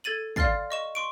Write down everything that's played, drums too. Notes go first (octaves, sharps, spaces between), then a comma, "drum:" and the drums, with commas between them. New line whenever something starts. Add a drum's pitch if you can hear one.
A4 G#6 A6 D#7 F#7
D5 F5 C6 F6 A6 C7, drum: kick
D#5 C#6 E7
C6 C#6 D7